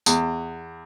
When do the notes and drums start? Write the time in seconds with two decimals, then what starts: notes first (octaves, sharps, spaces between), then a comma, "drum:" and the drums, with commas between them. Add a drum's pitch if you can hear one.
0.06 E2, drum: tambourine